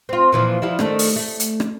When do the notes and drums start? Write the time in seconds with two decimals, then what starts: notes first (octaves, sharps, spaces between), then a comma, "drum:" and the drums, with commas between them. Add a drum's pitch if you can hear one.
0.09 C4 F4
0.32 A#2 E3 F3
0.62 F3 G3 E4
0.79 D#3 A3 D4, drum: rim click
0.99 drum: open hi-hat
1.16 A3
1.40 drum: hi-hat
1.60 drum: rim click